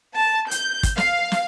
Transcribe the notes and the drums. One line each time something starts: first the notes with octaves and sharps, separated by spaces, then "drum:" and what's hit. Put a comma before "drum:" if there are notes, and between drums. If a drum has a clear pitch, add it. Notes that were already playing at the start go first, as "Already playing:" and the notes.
A5
G6, drum: hi-hat
drum: kick, hi-hat
F5, drum: snare
drum: snare